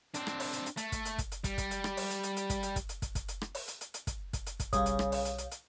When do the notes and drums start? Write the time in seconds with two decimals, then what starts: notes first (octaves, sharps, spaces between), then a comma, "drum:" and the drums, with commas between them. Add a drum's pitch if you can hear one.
0.14 C4 D4, drum: hi-hat
0.27 drum: rim click
0.40 drum: open hi-hat
0.53 drum: hi-hat
0.66 drum: hi-hat
0.77 A3, drum: hi-hat
0.92 drum: kick, hi-hat
1.05 drum: hi-hat
1.18 drum: kick, hi-hat
1.32 drum: hi-hat
1.44 G3, drum: kick, hi-hat
1.58 drum: kick, hi-hat
1.71 drum: hi-hat
1.84 drum: rim click
1.97 drum: open hi-hat
2.10 drum: hi-hat
2.23 drum: hi-hat
2.37 drum: hi-hat
2.50 drum: kick, hi-hat
2.63 drum: hi-hat
2.76 drum: kick, hi-hat
2.89 drum: hi-hat
3.02 drum: kick, hi-hat
3.15 drum: kick, hi-hat
3.28 drum: hi-hat
3.41 drum: rim click
3.55 drum: open hi-hat
3.68 drum: hi-hat
3.81 drum: hi-hat
3.94 drum: hi-hat
4.07 drum: kick, hi-hat
4.33 drum: kick, hi-hat
4.46 drum: hi-hat
4.60 drum: kick, hi-hat
4.73 B1 C#3 G3 C#5 F5 D#6, drum: kick, hi-hat
4.86 drum: hi-hat
4.99 drum: rim click
5.12 drum: open hi-hat
5.25 drum: hi-hat
5.38 drum: hi-hat
5.51 drum: hi-hat